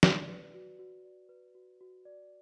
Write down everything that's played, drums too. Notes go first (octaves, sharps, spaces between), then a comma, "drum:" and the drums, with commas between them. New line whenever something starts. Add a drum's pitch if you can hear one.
D5, drum: snare
B4
F#4
F#4
D5
B4
F#4
F#4
D5